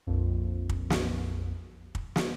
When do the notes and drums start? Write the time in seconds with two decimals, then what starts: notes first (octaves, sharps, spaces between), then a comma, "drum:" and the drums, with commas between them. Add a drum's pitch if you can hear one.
0.07 A#1 F2
0.69 drum: kick
0.90 drum: snare
1.95 drum: kick
2.16 drum: snare